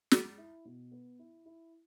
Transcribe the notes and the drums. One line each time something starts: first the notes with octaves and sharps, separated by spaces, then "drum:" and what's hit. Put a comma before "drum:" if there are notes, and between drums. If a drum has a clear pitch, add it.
G#3, drum: snare
E4
B2
B3
E4
E4